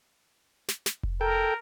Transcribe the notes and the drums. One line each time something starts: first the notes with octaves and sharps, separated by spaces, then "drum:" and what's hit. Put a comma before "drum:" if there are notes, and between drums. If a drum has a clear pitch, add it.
drum: snare
drum: snare
drum: kick F1
A4 A#4 G5